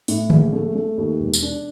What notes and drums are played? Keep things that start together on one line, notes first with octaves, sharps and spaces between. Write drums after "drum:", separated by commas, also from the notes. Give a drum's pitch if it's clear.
A2, drum: open hi-hat
A#1, drum: tom D3
A3
A3
D#2
E1
drum: tambourine
D4